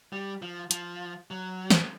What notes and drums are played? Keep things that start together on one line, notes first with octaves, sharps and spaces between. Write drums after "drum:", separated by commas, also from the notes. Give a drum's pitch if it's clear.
G3
F3
F3, drum: hi-hat
F#3
drum: snare